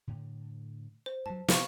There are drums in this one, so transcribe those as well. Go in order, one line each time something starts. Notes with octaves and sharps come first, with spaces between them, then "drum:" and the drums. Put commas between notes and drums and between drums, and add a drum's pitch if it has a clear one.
A2 D3
C5
G2 F#3 A5
C3 F3 B3 F5 B5 C#6, drum: snare